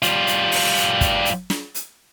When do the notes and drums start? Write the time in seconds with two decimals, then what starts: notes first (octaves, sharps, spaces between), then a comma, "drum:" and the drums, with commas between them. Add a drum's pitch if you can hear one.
0.02 G3 F4, drum: hi-hat
0.27 drum: hi-hat
0.52 drum: open hi-hat
0.76 drum: hi-hat
1.01 drum: kick, hi-hat
1.25 drum: hi-hat
1.50 drum: snare
1.75 drum: hi-hat